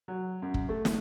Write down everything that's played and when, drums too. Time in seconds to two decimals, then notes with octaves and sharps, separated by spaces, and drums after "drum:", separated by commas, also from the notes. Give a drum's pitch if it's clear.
0.08 F#3
0.42 F#2
0.54 drum: kick
0.69 A3
0.85 drum: snare